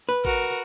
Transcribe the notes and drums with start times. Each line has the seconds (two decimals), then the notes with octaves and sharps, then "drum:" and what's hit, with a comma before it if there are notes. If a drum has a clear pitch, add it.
0.09 B4
0.25 F#4 A#4, drum: kick A1